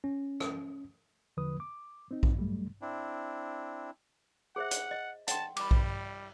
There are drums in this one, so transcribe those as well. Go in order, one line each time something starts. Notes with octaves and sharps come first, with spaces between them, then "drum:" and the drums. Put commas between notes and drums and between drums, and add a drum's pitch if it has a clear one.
C#4
drum: rim click
E2 D3 F3 B4 D#6
D6
C4 D#4
drum: kick A#1
F2 G#2 F#3 G3 A3
C4 D4 E4
G#4 C5 E5 F#5
drum: hi-hat
D#5
F#5 G5 A5 C6, drum: hi-hat
G3 B5 D6, drum: cymbal
drum: kick A#1